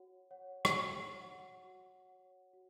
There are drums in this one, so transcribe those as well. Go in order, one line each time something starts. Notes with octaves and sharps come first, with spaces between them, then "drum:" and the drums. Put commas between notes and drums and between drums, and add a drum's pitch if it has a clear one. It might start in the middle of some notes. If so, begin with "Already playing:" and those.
Already playing: F#4 C#5 F#5
C#5 F#5
drum: rim click
F#4
C#5 F#5
F#4
C#5 F#5
F#4